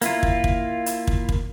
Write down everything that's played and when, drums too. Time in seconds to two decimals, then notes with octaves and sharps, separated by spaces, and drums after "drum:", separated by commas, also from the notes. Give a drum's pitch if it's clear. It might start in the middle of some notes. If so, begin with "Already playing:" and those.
0.01 A#3 E4 F4, drum: hi-hat
0.23 drum: kick
0.44 drum: kick
0.86 drum: hi-hat
1.07 drum: kick
1.29 drum: kick